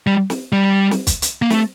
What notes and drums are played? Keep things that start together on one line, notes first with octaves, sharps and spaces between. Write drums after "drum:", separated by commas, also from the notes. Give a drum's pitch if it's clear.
G3
drum: snare
G3
drum: snare
drum: kick, hi-hat
drum: hi-hat
A#3
A3, drum: snare